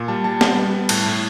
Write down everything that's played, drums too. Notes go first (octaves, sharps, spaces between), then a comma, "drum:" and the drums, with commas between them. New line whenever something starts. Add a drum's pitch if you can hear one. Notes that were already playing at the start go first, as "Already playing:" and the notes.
Already playing: A#2
G3 A5
G3 A5
G3 A5, drum: snare
B3
G3
A2 A5, drum: cymbal
A2